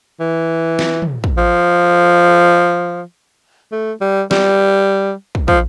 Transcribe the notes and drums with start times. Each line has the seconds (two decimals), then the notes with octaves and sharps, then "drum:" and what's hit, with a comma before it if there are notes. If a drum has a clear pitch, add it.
0.20 E3
0.79 drum: snare
1.02 drum: tom
1.24 drum: kick
1.37 F3
3.72 A3
4.01 G3
4.31 G3, drum: snare
5.35 drum: kick
5.48 F3, drum: kick